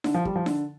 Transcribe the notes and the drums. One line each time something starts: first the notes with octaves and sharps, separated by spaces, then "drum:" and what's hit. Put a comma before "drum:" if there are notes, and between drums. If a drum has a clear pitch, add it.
D3, drum: snare D#4
F3
G3, drum: kick
F3
D3, drum: snare D#4